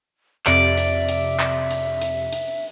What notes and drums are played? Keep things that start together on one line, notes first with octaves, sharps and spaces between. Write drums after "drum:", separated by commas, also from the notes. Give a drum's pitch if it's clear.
F2 C3 D5 E5, drum: clap
drum: hi-hat
drum: hi-hat
drum: clap
drum: hi-hat
drum: hi-hat
drum: hi-hat